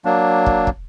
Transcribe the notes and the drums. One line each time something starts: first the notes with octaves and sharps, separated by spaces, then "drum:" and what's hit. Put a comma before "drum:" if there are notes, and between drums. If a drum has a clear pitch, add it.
F#3 A#3 D4
drum: kick
drum: kick